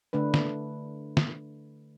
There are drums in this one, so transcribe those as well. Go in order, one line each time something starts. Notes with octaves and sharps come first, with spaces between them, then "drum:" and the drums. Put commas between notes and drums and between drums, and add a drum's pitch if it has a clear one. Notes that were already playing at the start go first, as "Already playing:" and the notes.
D3 A3 D4 B4
drum: snare
drum: snare